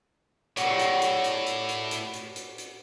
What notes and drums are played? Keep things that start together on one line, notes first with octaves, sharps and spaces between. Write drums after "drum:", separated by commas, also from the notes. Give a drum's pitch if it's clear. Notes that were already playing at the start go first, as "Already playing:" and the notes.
A2 C#5 D5 F#5, drum: hi-hat
drum: hi-hat
drum: hi-hat
drum: hi-hat
drum: hi-hat
drum: hi-hat
drum: hi-hat
drum: hi-hat
drum: hi-hat
drum: hi-hat